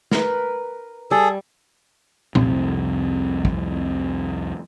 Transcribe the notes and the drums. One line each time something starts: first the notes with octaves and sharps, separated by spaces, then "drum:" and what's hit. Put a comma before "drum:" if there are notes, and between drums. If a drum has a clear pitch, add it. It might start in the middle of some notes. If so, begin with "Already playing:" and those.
A#4 B4, drum: snare
G3 G#4 A4
C2 F2 C3, drum: tom A#2
drum: kick